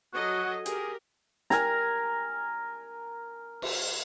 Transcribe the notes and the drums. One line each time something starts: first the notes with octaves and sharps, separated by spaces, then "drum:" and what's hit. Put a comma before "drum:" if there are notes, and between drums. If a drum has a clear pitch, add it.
F#3 F#4 A4 D#5
G4 G#4 A#4, drum: hi-hat
A#4 G#5 A#5, drum: snare
drum: cymbal